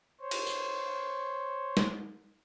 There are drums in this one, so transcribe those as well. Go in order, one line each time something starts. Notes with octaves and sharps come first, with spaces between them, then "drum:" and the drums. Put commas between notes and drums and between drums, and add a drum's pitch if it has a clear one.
C5 C#5
drum: cymbal
drum: tambourine
drum: snare